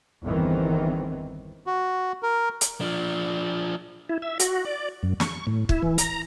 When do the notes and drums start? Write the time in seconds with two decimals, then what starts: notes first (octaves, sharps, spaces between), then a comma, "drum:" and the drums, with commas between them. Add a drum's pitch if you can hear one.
0.23 G1 E2 D#3 E3 C4
1.66 F#4
2.23 A#4
2.61 drum: hi-hat
2.81 F3 D4
4.09 E4
4.22 E5
4.39 F#4, drum: hi-hat
4.65 D5
5.03 F#2
5.20 C#6, drum: snare
5.47 A2
5.69 E4, drum: kick
5.83 E3
5.98 A#5, drum: hi-hat